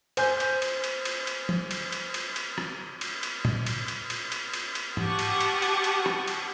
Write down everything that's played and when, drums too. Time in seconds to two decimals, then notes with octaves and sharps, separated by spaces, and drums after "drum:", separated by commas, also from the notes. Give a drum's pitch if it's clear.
0.17 C5 G#5 G6, drum: cymbal
0.40 drum: cymbal
0.62 drum: cymbal
0.84 drum: cymbal
1.05 drum: cymbal
1.27 drum: cymbal
1.49 drum: tom
1.71 drum: cymbal
1.92 drum: cymbal
2.14 drum: cymbal
2.36 drum: cymbal
2.58 drum: rim click
3.01 drum: cymbal
3.23 drum: cymbal
3.45 drum: tom A#2
3.66 drum: cymbal
3.88 drum: cymbal
4.10 drum: cymbal
4.32 drum: cymbal
4.54 drum: cymbal
4.75 drum: cymbal
4.97 G4 F#5 A5 C#6 D#6, drum: tom G#2
5.19 drum: cymbal
5.41 drum: cymbal
5.62 drum: cymbal
5.84 drum: cymbal
6.06 drum: rim click
6.28 drum: cymbal